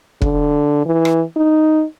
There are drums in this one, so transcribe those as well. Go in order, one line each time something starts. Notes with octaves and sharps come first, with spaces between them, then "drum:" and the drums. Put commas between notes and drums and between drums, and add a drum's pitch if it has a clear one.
D3, drum: kick
E3
drum: rim click
D#4